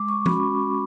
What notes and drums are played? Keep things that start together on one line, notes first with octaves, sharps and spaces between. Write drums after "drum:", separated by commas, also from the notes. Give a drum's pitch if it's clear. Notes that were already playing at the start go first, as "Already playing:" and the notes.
Already playing: G#3 D6
C#6
C#4 F#4 B5, drum: tom